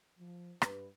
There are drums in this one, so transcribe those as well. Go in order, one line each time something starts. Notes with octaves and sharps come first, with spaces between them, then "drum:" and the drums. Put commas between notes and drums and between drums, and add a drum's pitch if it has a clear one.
F3
G2 B4, drum: rim click